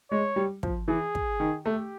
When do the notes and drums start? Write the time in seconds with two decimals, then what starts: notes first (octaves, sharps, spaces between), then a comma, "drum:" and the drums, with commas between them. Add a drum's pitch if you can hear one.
0.11 G#3 C#5
0.36 G3
0.63 F3, drum: kick
0.88 E3 G#4
1.15 drum: kick
1.40 D#3
1.65 A3 G4